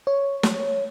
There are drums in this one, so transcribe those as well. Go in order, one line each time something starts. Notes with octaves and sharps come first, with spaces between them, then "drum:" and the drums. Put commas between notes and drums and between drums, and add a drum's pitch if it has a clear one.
C#5
drum: snare